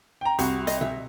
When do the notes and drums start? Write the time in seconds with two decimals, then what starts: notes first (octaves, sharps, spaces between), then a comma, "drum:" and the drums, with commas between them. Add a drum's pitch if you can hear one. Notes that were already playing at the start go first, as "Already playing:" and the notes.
0.21 G5 A#5
0.39 C2 F#4, drum: hi-hat
0.67 D#5, drum: hi-hat
0.81 E5, drum: tom B2